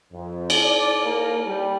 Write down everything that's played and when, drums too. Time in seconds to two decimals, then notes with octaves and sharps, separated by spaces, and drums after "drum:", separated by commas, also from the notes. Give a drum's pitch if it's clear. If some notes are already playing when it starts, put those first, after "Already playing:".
0.13 F2
0.50 drum: cymbal
0.63 D5
1.04 A#3
1.46 G3